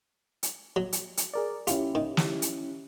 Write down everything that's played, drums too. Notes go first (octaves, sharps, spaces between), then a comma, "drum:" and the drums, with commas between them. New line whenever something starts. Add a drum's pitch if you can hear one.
drum: hi-hat
F#3
drum: hi-hat
drum: hi-hat
G#4 A#4 D5
C#4 E4 F4 G4, drum: hi-hat
D#3
drum: snare
drum: hi-hat